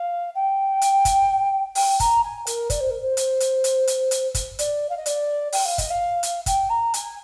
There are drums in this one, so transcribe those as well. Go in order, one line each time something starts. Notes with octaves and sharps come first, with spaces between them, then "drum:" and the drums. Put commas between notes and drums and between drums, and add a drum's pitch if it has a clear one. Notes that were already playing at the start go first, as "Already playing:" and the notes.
Already playing: F5
G5
drum: hi-hat
drum: kick, hi-hat
G5, drum: open hi-hat
A#5, drum: kick, hi-hat
G#5
A#4, drum: hi-hat
D5, drum: kick, hi-hat
C5
A#4
C5
drum: hi-hat
drum: hi-hat
drum: hi-hat
drum: hi-hat
drum: hi-hat
drum: kick, hi-hat
D5, drum: hi-hat
F5
D#5
D5, drum: hi-hat
G5, drum: open hi-hat
F5
D#5, drum: kick, hi-hat
F5
drum: hi-hat
G5, drum: kick, hi-hat
A#5
G#5, drum: hi-hat